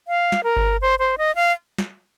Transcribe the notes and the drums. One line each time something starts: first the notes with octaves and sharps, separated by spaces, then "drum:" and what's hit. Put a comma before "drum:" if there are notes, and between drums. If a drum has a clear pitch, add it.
F5
drum: snare
A#4
drum: kick G1
C5
C5
D#5
F5
drum: snare